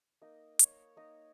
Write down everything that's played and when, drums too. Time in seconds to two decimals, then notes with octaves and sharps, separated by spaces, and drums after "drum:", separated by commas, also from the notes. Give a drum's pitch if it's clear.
0.21 A#3 D#4 D#5
0.59 C#5, drum: hi-hat
0.96 A#3 D#4 D#5